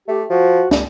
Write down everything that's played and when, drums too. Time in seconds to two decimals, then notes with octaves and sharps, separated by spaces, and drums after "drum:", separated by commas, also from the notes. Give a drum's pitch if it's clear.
0.08 A3 G4
0.30 F3 F#4
0.71 C#2 G3, drum: snare